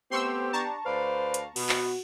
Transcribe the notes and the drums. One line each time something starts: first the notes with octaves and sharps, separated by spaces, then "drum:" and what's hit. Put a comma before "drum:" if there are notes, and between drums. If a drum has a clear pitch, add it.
A3 B3 C4 G4 C6 C#6 E6
D4 A5 A#5 C#6
D2 B4 C5 D5 F5
drum: hi-hat
B2 B3 F#4, drum: cymbal
drum: clap